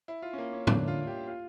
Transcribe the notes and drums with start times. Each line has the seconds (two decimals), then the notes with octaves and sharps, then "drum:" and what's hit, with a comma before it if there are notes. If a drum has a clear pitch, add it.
0.08 E4
0.22 F4
0.33 C#4
0.38 A#3
0.53 C#4
0.67 D3 D4, drum: tom
0.88 F4
1.07 G4
1.27 F4